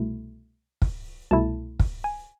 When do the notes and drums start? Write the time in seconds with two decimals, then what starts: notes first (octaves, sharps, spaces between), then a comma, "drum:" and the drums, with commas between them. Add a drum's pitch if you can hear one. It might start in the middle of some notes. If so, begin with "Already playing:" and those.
Already playing: C2 B2 A3 E4
0.82 drum: kick
1.31 C2 B2 A3 E4 A5
1.80 drum: kick
2.04 G#5